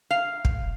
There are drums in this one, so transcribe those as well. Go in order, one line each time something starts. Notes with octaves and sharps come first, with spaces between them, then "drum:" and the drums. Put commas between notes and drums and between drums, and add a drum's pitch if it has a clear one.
F5
drum: kick